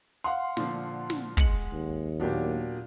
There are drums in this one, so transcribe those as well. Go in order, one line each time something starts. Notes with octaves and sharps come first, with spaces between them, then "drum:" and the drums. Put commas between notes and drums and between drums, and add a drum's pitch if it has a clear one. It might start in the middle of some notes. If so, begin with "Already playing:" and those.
F5 F#5 C6
A#2 D3 F3, drum: snare
drum: snare
G#3 C#7 F#7, drum: kick
D#2
A#2 F#3 B3 D4 G4